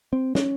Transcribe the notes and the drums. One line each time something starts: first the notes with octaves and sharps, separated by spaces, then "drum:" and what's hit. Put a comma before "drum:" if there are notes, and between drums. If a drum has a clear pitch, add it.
C4
C#4, drum: snare